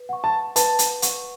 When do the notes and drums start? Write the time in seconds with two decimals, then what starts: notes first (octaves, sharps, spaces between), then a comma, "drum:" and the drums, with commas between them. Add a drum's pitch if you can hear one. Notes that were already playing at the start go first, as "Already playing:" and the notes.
Already playing: B4
0.09 F#5 C#6
0.24 A5
0.56 B4 A5, drum: hi-hat
0.79 drum: hi-hat
1.02 F#5 C#6, drum: hi-hat